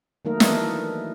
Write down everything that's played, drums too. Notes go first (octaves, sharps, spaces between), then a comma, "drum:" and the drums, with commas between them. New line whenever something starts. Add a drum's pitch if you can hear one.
D#3 F#3 A3 A#3 D#4 A#4
E3 D4 E4 B4 D#5 E5, drum: snare